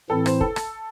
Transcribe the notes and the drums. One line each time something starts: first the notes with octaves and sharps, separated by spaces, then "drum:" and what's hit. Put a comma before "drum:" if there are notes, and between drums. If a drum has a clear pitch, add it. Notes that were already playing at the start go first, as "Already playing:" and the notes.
A2 E3 C4 E4 A4
C5, drum: rim click
A4, drum: kick
drum: rim click